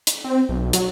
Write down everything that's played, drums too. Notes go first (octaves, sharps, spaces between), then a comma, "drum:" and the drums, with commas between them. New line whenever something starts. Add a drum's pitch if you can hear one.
drum: hi-hat
C4
B1
F#3, drum: hi-hat